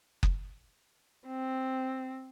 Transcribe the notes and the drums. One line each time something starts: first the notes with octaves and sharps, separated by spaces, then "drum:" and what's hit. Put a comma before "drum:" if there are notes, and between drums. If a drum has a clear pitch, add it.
drum: kick F#1
C4